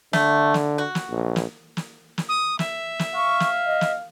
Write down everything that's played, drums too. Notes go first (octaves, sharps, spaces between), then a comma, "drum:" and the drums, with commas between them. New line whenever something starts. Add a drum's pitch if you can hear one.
D3 A3, drum: snare
drum: snare
F#4
drum: snare
A#1
drum: snare
drum: snare
drum: snare
D#6
E5, drum: snare
drum: snare
F5 C#6
drum: snare
D#5
drum: snare